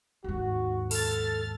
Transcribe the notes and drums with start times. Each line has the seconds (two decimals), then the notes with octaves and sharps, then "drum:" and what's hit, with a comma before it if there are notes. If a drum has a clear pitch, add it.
0.24 D#2 G#2 F#4
0.91 A4 F6 A6, drum: open hi-hat